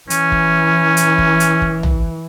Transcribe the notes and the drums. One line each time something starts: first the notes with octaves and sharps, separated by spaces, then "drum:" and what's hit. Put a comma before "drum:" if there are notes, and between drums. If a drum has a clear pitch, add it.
E3 C#4, drum: hi-hat
drum: kick
drum: hi-hat
drum: kick
drum: hi-hat
drum: kick
drum: tom